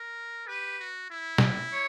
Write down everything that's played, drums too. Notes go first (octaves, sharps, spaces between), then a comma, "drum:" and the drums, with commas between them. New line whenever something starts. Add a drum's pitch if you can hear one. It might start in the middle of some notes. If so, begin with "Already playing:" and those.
Already playing: A#4
G4 B4
F#4
E4
drum: snare
C#5